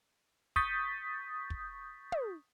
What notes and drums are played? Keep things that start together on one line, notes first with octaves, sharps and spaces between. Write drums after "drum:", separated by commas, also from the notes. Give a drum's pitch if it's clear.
C#6 D#6 G6 A6 B6, drum: kick
drum: kick
drum: tom